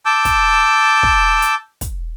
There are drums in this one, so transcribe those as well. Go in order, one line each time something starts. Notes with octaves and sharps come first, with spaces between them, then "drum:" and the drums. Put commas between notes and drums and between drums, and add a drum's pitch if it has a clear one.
A5 D6 E6 G6
drum: kick, hi-hat
drum: kick
drum: hi-hat
drum: kick, hi-hat